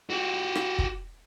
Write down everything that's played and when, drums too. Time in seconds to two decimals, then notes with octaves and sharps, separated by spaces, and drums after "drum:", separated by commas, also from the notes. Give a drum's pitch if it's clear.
0.10 F#4 G4
0.56 drum: rim click
0.78 drum: kick